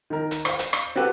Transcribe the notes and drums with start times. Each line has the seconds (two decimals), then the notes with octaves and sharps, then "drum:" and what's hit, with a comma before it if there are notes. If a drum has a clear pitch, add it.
0.10 D#3 A#4
0.31 drum: hi-hat
0.45 C5 F5, drum: rim click
0.59 drum: hi-hat
0.73 drum: rim click
0.96 C4 F#4 G4 A4 B4